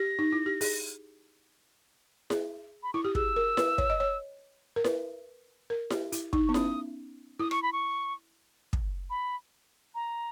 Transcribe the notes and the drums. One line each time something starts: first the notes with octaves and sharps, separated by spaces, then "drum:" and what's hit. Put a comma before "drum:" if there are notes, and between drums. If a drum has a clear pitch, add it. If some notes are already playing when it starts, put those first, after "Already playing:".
Already playing: G4 A#6
D#4
E4
G4
G#4, drum: open hi-hat
G#4, drum: snare E4
B5
E4 C#6
G4 D#6
G#4 E6, drum: kick
A#4
B4, drum: snare E4
C#5, drum: kick
D#5
C#5
A#4
B4, drum: snare E4
A#4
G4, drum: snare E4
E4, drum: hi-hat
D#4, drum: kick
B3 C#6
C#4 D#6, drum: snare E4
E4 D#6
C#6, drum: rim click
B5
C#6
drum: kick
B5
A#5